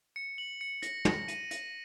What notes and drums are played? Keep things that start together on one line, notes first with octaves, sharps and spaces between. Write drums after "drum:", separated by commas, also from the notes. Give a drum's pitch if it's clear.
C#7
F#7
C#7
A#6, drum: hi-hat
A#6, drum: tom
D#7, drum: hi-hat
A#6, drum: hi-hat